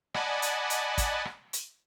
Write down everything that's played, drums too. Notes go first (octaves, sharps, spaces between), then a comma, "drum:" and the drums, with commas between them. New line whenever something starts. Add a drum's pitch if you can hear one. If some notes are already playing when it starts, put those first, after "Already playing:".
D5 D#5 F#5 G#5 A5 B5, drum: rim click
drum: hi-hat
drum: hi-hat
drum: kick, hi-hat
drum: rim click
drum: hi-hat